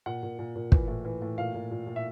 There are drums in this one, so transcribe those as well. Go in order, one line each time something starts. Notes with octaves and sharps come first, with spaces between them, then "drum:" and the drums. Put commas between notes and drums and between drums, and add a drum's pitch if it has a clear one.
A#2 F#5
A#2
A#2
A#2
E3, drum: kick
A2
E3
A2
A#2 F5
A#2
A#2
A#2
E5